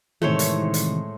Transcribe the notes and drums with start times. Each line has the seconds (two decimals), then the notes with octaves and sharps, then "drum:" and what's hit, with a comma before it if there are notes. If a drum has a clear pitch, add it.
0.22 A2 C3 D#3 E3 G#3 A3 C5 C#5
0.39 drum: hi-hat
0.74 drum: hi-hat